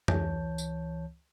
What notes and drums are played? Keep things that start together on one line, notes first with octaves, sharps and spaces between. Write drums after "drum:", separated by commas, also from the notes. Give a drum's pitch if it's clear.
C#2 E3 C#5 A5 G6, drum: tom F2
drum: tambourine